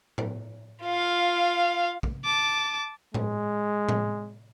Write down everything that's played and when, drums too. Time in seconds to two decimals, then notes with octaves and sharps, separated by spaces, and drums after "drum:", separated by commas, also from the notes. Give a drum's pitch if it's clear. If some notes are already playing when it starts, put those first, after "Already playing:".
0.18 drum: tom A2
0.84 F4 F5
2.03 drum: kick A#1
2.25 A5 D6
3.14 G#3, drum: tom A2
3.89 drum: tom A2